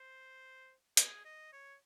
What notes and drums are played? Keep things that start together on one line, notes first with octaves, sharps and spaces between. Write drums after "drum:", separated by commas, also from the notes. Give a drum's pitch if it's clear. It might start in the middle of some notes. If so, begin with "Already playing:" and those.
Already playing: C5
G#4, drum: hi-hat
D#5
C#5